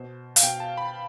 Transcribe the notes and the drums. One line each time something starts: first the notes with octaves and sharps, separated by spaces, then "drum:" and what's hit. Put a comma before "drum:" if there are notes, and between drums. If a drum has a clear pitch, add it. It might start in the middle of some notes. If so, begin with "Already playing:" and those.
Already playing: B2 C5
F5, drum: hi-hat
B2 G5
A5
B5